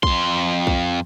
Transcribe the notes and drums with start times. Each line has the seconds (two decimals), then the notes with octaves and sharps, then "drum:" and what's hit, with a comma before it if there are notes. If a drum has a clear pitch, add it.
0.03 F2 C6, drum: kick
0.67 drum: kick